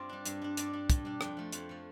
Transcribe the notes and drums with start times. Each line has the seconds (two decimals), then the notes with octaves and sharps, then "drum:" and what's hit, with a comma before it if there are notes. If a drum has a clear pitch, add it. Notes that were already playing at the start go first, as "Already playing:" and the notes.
Already playing: G2 C4 F4 D5
0.09 G3 D4
0.26 G2, drum: hi-hat
0.42 G3 D4
0.57 G2 D5, drum: hi-hat
0.73 G3 D4
0.90 G2, drum: kick, hi-hat
1.05 G3 D4
1.21 F2 G5, drum: rim click
1.37 F3 A3
1.52 F2, drum: hi-hat
1.69 F3 A3